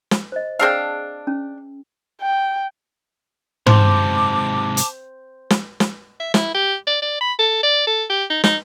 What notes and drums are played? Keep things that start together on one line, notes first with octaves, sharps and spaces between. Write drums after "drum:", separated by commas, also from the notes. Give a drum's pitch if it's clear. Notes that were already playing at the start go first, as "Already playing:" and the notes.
drum: snare
C5 D#5
C4 D4 G#4 F5 A5 E6
C#4
G5
G#2 C3 C5 A5 D6, drum: tom
drum: hi-hat
drum: snare
drum: snare
E5
E4, drum: snare
G4
D5
D5
B5
A4
D5
A4
G4
D#4
D#4, drum: snare